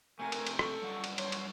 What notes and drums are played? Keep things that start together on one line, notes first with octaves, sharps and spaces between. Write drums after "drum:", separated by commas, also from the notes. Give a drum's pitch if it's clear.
C3 A3 A#4 G#5
drum: cymbal
drum: cymbal
A4 C#6, drum: rim click
F#2 G3 F#5
drum: cymbal
C#5 C6, drum: cymbal
drum: cymbal